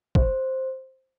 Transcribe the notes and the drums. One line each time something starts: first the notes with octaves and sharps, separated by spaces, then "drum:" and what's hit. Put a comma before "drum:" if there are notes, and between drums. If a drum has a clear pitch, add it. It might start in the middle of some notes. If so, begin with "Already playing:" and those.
C5, drum: kick